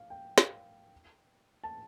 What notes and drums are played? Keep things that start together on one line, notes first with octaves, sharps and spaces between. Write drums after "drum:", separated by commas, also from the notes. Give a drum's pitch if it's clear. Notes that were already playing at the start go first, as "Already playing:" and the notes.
Already playing: F5
G5
F5, drum: snare
A5